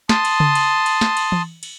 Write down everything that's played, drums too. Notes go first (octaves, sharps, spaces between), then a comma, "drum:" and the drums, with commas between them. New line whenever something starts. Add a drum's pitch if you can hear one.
A5 C6 D#6, drum: snare
drum: cymbal
drum: tom C#3
drum: cymbal
drum: cymbal
drum: snare
drum: cymbal
drum: tom E3
drum: cymbal